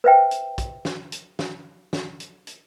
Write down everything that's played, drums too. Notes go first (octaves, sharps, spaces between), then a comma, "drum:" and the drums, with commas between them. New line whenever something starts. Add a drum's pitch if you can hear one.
B4 C5 E5 G5
drum: hi-hat
drum: kick, hi-hat
drum: snare
drum: hi-hat
drum: snare
drum: snare
drum: hi-hat
drum: hi-hat